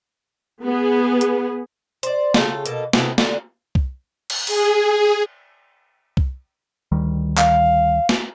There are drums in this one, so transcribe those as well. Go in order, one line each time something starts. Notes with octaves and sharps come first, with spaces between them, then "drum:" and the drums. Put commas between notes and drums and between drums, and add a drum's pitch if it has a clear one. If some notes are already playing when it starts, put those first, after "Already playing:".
B3 G#4
drum: hi-hat
C5 D5, drum: hi-hat
C#3 A3 F4 G4, drum: snare
B2 A#3 A4, drum: hi-hat
C3 B3 E4 A4, drum: snare
D3, drum: snare
drum: kick C2
drum: cymbal
G#4, drum: open hi-hat
drum: kick C2
D2 D#3 G3
F5, drum: clap
drum: snare